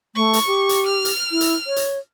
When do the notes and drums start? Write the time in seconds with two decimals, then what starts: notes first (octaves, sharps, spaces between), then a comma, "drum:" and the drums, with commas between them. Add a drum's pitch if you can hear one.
0.15 A3 C#6
0.33 drum: hi-hat
0.47 G4
0.69 drum: hi-hat
0.87 F6
1.05 drum: hi-hat
1.31 E4
1.41 drum: hi-hat
1.67 C#5
1.76 drum: hi-hat